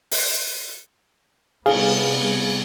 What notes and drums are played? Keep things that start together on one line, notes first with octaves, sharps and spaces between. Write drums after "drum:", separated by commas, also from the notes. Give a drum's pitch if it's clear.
drum: open hi-hat
C3 G3 B3 G#4 F5, drum: cymbal